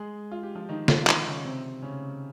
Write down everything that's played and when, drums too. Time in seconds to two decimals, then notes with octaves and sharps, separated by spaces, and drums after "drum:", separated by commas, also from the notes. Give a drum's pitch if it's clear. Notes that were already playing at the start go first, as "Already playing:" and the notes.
Already playing: G#3 G#4
0.31 F4
0.43 G4
0.55 F3 F4
0.69 D#3 D#4
0.88 F3 F4, drum: snare
1.02 F4
1.07 D#3 D#4, drum: clap
1.25 C#3 C#4
1.45 C3 C4
1.82 C#3 C#4